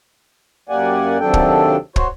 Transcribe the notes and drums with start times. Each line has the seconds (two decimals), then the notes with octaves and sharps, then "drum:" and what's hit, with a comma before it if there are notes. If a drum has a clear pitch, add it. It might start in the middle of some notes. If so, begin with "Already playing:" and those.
0.69 F#2 A#3 G4 D5 F#5 G#5
1.20 D#2 C3 F#3 D4 A4 G5
1.34 drum: kick
1.96 F#4 C5 C#5, drum: kick